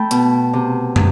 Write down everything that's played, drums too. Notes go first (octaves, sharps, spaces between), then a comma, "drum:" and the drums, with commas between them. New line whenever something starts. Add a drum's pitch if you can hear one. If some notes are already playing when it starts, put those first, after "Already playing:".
Already playing: A3 G5 A5 B5
B2, drum: hi-hat
C3
C3, drum: tom